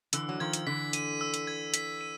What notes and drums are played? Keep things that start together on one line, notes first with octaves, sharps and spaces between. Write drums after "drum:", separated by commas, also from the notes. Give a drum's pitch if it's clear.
D3 E3 E6, drum: hi-hat
F#3
D#3 F3 G#6
drum: hi-hat
D3 E3 B6
D#7, drum: hi-hat
E6
drum: hi-hat
G#6
B6, drum: hi-hat
D#7